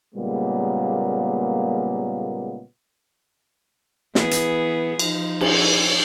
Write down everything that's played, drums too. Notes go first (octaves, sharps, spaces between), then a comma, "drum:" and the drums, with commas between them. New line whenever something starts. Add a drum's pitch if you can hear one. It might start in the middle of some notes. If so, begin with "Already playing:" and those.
A#2 C#3 G3 G#3 A#3 B3
E3 B3 G#4, drum: snare
drum: hi-hat
F3 D#4, drum: cymbal
drum: cymbal